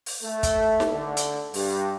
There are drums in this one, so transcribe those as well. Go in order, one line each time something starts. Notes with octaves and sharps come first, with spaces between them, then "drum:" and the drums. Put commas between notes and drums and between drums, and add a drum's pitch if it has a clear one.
drum: open hi-hat
A3
drum: kick, hi-hat
drum: snare D#4
D3
drum: hi-hat
G2, drum: open hi-hat